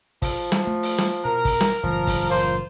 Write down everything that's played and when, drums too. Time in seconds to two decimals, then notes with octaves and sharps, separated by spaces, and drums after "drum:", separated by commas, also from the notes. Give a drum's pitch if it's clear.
0.22 F3, drum: kick, open hi-hat
0.52 drum: snare
0.67 A3
0.83 drum: open hi-hat
0.98 drum: snare
1.25 B2 A#4 A#5 F6
1.45 drum: kick, open hi-hat
1.61 drum: snare
1.83 F#1 A2 E3 F3
2.07 drum: kick, open hi-hat
2.30 A#3 F4 C5